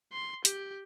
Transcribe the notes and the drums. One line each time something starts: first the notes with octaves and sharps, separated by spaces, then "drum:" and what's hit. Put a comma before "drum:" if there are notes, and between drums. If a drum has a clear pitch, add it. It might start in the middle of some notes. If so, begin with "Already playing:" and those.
C6
G4, drum: hi-hat